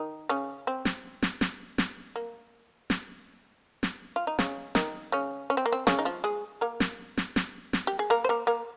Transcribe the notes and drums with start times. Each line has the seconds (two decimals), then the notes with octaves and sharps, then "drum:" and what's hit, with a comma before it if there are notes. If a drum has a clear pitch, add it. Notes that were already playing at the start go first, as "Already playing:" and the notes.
Already playing: D#3 D#4
0.29 C#3 C#4
0.67 C4
0.85 drum: snare
1.22 drum: snare
1.41 drum: snare
1.78 drum: snare
2.16 A#3
2.90 drum: snare
3.83 drum: snare
4.16 F4
4.27 D#4
4.39 C#3 C#4, drum: snare
4.75 D#3 D#4, drum: snare
5.12 C#3 C#4
5.50 C#4
5.57 C4
5.66 A#3
5.72 C4
5.87 C#3 C#4, drum: snare
5.99 D#4
6.05 F3 F4
6.24 G#3 G#4
6.61 A#3 A#4
6.80 drum: snare
7.17 drum: snare
7.36 drum: snare
7.73 drum: snare
7.87 G4
7.99 G#4
8.10 A#3 A#4
8.24 C5
8.29 A#3 A#4
8.47 A#3 A#4